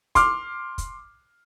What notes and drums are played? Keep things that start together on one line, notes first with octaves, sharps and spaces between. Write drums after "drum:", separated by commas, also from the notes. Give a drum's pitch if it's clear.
C6 D6 F6, drum: kick, hi-hat
drum: kick, hi-hat